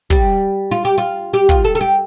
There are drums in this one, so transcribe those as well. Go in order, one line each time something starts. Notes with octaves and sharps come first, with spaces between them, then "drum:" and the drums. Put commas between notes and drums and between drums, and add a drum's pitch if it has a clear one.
G3, drum: kick
F4
G4
F4
G4
F4, drum: kick
A4
A4
G4